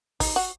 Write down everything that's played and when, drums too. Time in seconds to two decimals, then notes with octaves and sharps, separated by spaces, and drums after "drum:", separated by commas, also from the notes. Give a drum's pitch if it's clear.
0.20 D#4, drum: kick, open hi-hat
0.36 F#4